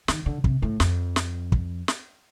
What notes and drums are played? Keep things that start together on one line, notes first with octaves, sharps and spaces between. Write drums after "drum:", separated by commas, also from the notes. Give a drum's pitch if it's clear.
D#3, drum: snare
D3
C3, drum: kick
A2
F2, drum: snare
drum: snare
drum: kick
drum: snare